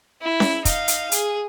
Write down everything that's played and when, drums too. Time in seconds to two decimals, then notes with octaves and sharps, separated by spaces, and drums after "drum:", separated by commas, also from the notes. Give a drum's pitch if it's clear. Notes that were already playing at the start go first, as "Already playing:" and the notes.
0.22 E4
0.40 drum: snare C#4
0.65 D#4 F5, drum: kick, hi-hat
0.88 drum: hi-hat
1.12 G#4, drum: hi-hat